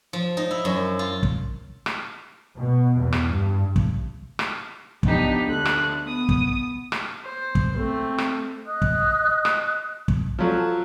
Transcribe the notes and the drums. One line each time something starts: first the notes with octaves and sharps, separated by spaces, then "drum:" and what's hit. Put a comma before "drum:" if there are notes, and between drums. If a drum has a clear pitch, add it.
F3
D#4
E4
F#2
F4
drum: kick
drum: rim click
B2
E2
drum: rim click
G2
drum: kick
drum: rim click
F3 B3 D4 D#4 G4, drum: kick
D2 D3 F#6
drum: rim click
B3 D#6
drum: kick
drum: rim click
C5
drum: kick
A3 C4
drum: rim click
D#5 D#6 F#6
drum: kick
drum: rim click
drum: kick
F3 F#3 A4